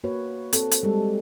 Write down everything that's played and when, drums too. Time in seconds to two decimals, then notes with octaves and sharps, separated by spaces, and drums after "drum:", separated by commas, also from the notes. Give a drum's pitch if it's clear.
0.04 A#3 F#4 B4 C#5
0.53 C4 A4, drum: hi-hat
0.72 drum: hi-hat
0.83 G3 G#3 A4